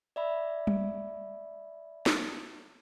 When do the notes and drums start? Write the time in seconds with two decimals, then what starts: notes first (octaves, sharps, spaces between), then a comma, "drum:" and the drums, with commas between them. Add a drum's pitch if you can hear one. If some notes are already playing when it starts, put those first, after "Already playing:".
0.16 D5 E5 B5
0.67 drum: tom
2.06 drum: snare